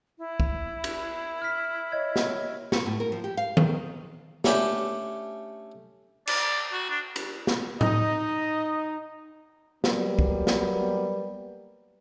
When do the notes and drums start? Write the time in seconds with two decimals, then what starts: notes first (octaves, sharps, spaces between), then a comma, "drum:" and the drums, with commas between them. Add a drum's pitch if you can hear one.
0.19 E4
0.40 drum: kick
0.84 drum: cymbal
1.42 F6 B6
1.92 C#5 D#5 G#6
2.16 drum: snare
2.72 C#5, drum: snare
2.86 A2
3.00 A#4
3.12 F3
3.24 G4
3.37 F5
3.57 D#3, drum: tom D#3
4.44 A3 C#4 D4 G4, drum: snare
6.27 D5, drum: cymbal
6.72 F#4
6.90 D4
7.16 drum: cymbal
7.47 drum: snare
7.81 D#4 D#5, drum: tom A2
9.84 F#3 G3 A#3 B3, drum: snare
10.19 drum: kick
10.47 drum: snare